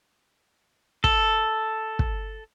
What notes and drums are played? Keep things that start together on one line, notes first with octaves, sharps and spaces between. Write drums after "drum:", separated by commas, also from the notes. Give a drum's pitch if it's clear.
A4, drum: kick
drum: kick